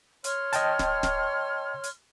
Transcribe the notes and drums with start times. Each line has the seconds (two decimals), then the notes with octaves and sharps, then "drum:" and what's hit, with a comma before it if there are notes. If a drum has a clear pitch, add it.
0.24 C#5 C6 F6, drum: hi-hat
0.53 D#5 G5 A5, drum: hi-hat
0.79 drum: snare
1.03 drum: snare
1.84 drum: hi-hat